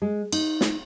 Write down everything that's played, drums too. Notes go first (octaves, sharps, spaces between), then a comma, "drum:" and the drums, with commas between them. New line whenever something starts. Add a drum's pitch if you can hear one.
G#3
D#4, drum: cymbal
drum: snare